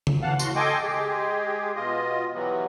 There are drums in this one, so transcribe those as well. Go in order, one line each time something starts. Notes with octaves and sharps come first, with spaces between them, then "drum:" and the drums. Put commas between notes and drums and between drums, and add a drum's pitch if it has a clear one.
drum: tom C#3
C#3 E3 F5 F#5 A5
A2 F#4 C6, drum: tambourine
A4 D#5 G5 G#5 C6 D6
G#3 G4 G#4
B2 F4 D#5
E3 F#3 G3 B3